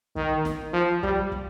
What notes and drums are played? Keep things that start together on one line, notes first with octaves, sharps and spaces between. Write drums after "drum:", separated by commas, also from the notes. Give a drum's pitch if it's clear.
D#3, drum: kick
drum: snare
F3
G3, drum: kick
drum: kick